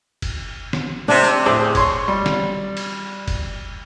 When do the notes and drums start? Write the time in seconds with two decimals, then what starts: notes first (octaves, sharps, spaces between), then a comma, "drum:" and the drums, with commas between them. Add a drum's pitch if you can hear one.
0.22 drum: kick F#1, cymbal
0.73 drum: snare
1.08 C3 D4
1.24 drum: cymbal
1.45 A2 G#4 C5 D6 E6
1.75 C#5 C6 C#6, drum: kick F#1, cymbal
2.08 G3
2.26 drum: snare
2.77 drum: cymbal
3.28 drum: kick F#1, cymbal